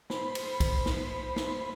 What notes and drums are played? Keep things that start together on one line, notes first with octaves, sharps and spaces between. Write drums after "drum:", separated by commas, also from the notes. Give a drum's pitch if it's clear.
C5 B5, drum: snare
drum: cymbal
drum: kick, cymbal
drum: snare
drum: snare